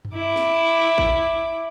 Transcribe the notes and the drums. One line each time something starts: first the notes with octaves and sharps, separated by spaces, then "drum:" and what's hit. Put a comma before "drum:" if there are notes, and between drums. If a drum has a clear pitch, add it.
drum: tom F#2
E4 D6
drum: snare
drum: kick